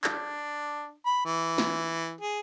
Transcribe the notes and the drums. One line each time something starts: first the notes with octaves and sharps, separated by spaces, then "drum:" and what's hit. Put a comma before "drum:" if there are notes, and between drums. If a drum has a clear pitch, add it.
D4, drum: clap
B5
E3
drum: snare
G#4